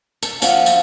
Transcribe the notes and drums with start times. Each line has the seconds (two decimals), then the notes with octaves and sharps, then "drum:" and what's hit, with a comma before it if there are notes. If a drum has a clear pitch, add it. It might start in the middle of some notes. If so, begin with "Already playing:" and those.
0.22 A4, drum: tambourine
0.42 F3 F4 F#4 E5, drum: tambourine
0.66 drum: tambourine